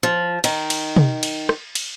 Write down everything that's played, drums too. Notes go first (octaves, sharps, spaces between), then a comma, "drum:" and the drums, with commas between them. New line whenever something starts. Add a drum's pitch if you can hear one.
F3
D#3, drum: cymbal
drum: cymbal
drum: tom
drum: cymbal
drum: rim click
drum: cymbal